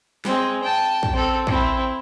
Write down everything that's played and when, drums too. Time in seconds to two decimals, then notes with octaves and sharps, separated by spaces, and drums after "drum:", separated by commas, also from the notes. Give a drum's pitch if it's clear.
0.25 G#3 C4, drum: snare
0.63 G5 A5
1.03 drum: kick
1.13 C4 A4
1.47 C4 E4, drum: kick